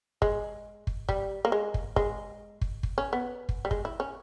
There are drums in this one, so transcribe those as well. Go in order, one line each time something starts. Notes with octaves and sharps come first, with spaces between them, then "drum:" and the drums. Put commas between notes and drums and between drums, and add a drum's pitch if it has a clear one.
G#3, drum: kick
drum: kick
G3, drum: kick
A#3
G#3
drum: kick
G#3, drum: kick
drum: kick
drum: kick
C#4
B3
drum: kick
G3
G#3, drum: kick
E4
C#4